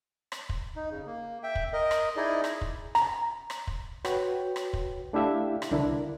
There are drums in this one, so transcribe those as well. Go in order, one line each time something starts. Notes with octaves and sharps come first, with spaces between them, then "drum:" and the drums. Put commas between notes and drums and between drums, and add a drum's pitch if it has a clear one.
drum: rim click
drum: kick
D#4
C#3
A#3
E5 G5
drum: kick
A#4 D#5
drum: rim click
D#4 E4 G#4 D5 D#5
drum: rim click
drum: kick
A#5, drum: rim click
drum: rim click
drum: kick
F#4 B4 C#5 G5, drum: rim click
drum: rim click
drum: kick
A3 D4 E4 G4 E5 F5
drum: rim click
C2 D3 D4 E4 A#4